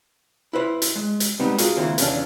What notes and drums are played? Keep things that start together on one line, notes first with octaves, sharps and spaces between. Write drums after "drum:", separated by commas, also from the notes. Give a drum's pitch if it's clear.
E4 B4 C5
drum: hi-hat
G#3
drum: hi-hat
G3 G#3 B3 C4 D#4
F4 F#4 G#4 A#4, drum: hi-hat
C#2 D#3 A#3 C4 E4 C5
E2 C#3 E3 B3 C#4 D4, drum: hi-hat